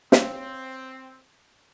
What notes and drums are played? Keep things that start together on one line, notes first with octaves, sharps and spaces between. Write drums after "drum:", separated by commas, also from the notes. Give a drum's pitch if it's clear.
C4 C5 C#5 F5, drum: snare